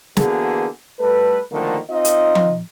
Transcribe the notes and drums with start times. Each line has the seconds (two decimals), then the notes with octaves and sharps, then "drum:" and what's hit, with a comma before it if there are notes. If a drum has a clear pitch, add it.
0.17 D3 E3 A#3 B3 F#4 G#4, drum: snare
0.99 G3 A3 A4 B4
1.51 B1 D3 D#3 F3 A3 A#3
1.90 C4 D#4 F4 D#5
2.05 drum: hi-hat
2.35 drum: tom F3